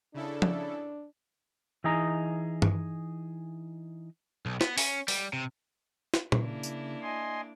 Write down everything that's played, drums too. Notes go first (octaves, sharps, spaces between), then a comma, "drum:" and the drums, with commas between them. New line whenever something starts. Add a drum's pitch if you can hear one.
C#3 D4 E4 A4
drum: tom F3
E3 D#4 G#4 D#5 A#5
drum: tom G2
B1
B3, drum: snare
C#4, drum: open hi-hat
G3, drum: open hi-hat
C3
drum: snare
C#3 A#3 D4 E4, drum: tom A#2
drum: tambourine
D#5 G#5 C6